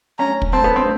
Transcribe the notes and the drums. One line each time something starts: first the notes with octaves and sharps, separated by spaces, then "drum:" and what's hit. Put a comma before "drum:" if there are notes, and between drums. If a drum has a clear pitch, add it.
C#4 A#5
drum: kick
C4 A5
B3
C4